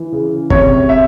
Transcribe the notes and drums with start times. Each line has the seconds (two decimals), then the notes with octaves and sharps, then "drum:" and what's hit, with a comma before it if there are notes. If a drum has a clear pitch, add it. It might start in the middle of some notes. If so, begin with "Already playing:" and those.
Already playing: E3
0.12 C#3
0.50 C3 C#5, drum: kick
0.89 E5